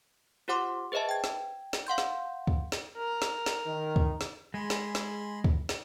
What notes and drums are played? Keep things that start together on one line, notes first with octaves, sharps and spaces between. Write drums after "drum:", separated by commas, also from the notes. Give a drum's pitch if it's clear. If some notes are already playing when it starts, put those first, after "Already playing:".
F4 G4 C5 F#5 C6 D6
G#4 B4 C5 D#5 E5 A5
G5 G#6
drum: snare
drum: snare
F5 F#5 C6 G6
drum: snare
drum: kick
drum: snare
A#4
drum: snare
drum: snare
D#3
drum: kick
drum: snare
G#3 G#4 B5 C6
drum: snare
drum: snare
drum: kick
drum: snare